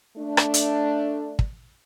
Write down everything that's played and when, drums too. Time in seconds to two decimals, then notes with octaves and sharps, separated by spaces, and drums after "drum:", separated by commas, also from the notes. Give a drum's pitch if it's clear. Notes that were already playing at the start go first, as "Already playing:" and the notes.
0.17 A3 D4
0.37 drum: rim click
0.54 drum: hi-hat
1.39 drum: kick